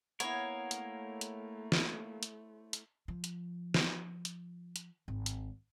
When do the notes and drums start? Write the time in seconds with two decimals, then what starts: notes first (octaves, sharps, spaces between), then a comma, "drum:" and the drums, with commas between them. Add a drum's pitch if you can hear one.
0.20 A#3 B3 E4 A#4 C#5, drum: hi-hat
0.71 A3 C5, drum: hi-hat
1.21 drum: hi-hat
1.72 drum: snare
2.23 drum: hi-hat
2.73 drum: hi-hat
3.08 F3
3.24 drum: hi-hat
3.74 drum: snare
4.25 drum: hi-hat
4.76 drum: hi-hat
5.08 G#1
5.26 drum: hi-hat